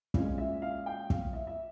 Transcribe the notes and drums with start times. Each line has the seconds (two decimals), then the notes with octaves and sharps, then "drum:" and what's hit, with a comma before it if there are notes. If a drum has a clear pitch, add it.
0.14 A#2 G#3 C#4 F5, drum: kick
0.38 E5
0.62 F5
0.86 G5
1.10 F5, drum: kick
1.33 E5
1.47 E5